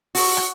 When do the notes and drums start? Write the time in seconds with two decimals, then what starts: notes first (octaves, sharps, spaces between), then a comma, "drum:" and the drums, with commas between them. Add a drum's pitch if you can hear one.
0.15 F#4, drum: open hi-hat
0.37 drum: rim click